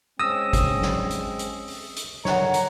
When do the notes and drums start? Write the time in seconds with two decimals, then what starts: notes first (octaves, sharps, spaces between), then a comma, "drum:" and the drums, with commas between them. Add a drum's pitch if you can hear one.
0.20 G#3 C4 C#4 D#6 E6 A#6
0.53 drum: kick G#1, hi-hat
0.82 drum: snare
1.11 drum: hi-hat
1.39 drum: hi-hat
1.68 drum: open hi-hat
1.96 drum: hi-hat
2.25 G2 D3 D#3 C#5 F#5 A#5, drum: snare
2.54 drum: hi-hat